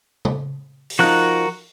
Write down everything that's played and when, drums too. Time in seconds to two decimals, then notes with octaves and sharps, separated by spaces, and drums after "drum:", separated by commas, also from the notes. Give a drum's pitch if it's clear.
0.25 drum: tom
0.90 drum: open hi-hat
0.99 F3 D#4 F#4 A#4 F#6